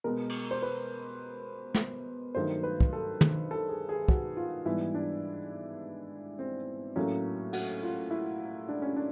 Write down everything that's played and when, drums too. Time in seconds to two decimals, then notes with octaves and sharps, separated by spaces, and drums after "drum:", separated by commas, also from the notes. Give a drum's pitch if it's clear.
0.04 B2 G#3 B3 A#4
0.29 drum: cymbal
0.51 C5
0.62 B4
1.74 drum: snare
2.35 G2 D#3 F#3 A3 C5
2.63 B4
2.81 drum: kick
2.93 A4
3.21 drum: tom
3.51 A4
3.69 G#4
3.89 G#4
4.08 F#4, drum: kick
4.37 F4
4.66 G#2 E3 G3 B3 E4
4.95 D4
6.39 C4
6.96 A2 F#3 A#3 C#4
7.53 F#4, drum: cymbal
7.83 F4
8.10 E4
8.69 D4
8.82 C#4
8.96 D4